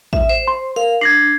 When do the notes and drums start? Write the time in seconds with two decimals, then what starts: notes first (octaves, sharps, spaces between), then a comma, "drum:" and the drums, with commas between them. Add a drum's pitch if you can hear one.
0.13 E5, drum: kick
0.29 C5 E7
0.48 C6
0.76 A#4 F5
1.01 D4 G#6 A#6 C7